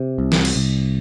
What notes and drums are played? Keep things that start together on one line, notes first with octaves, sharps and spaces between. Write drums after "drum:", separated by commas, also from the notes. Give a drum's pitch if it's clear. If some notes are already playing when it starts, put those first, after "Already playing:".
Already playing: C3
C2
drum: snare
drum: cymbal
C2